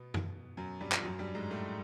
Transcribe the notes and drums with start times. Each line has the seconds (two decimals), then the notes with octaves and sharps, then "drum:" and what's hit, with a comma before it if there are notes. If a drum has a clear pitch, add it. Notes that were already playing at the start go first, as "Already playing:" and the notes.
Already playing: B2 B3
0.14 drum: tom F#2
0.57 F#2 F#3
0.81 G2 G3
0.92 F3, drum: clap
1.03 F#2 F#3
1.19 G2 G3
1.35 G#2 G#3
1.50 A2 A3